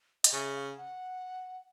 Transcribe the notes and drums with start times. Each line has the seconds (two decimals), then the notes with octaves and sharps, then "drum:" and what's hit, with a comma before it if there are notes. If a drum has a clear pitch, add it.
0.24 D#5, drum: hi-hat
0.33 C#3 E5
0.55 F5
0.77 F#5